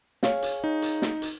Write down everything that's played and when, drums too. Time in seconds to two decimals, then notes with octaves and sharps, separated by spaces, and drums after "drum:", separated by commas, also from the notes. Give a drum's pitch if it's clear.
0.23 G#4 C#5 F5, drum: snare
0.42 drum: hi-hat
0.64 D#4
0.82 drum: hi-hat
1.02 drum: snare
1.22 drum: hi-hat